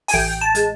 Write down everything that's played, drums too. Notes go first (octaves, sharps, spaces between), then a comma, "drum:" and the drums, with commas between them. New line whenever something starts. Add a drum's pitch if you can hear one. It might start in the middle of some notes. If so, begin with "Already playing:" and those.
G#5, drum: open hi-hat
A1 G5
A5
G#3, drum: hi-hat